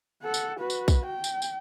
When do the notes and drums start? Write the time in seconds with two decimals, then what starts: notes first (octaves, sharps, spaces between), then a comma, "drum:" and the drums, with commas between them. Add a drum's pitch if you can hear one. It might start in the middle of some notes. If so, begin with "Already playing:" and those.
0.23 A4 F#5
0.34 drum: tambourine
0.60 F#4 B4
0.70 drum: tambourine
0.88 drum: kick, tambourine
1.06 G5
1.24 drum: tambourine
1.42 drum: tambourine